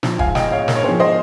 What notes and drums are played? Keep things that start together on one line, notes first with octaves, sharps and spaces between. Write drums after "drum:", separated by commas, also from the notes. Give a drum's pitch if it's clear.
F3, drum: snare
F5 G#5, drum: kick
G#2
D#5 G5, drum: snare
G#2
C#5 F5
A#3, drum: snare
C#5
F3 G#4 C5
C5 D#5